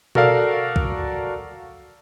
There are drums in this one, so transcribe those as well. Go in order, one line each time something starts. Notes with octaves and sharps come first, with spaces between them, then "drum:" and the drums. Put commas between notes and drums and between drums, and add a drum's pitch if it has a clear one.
F#4 A4 A#4 D5 F5, drum: tom B2
drum: kick B1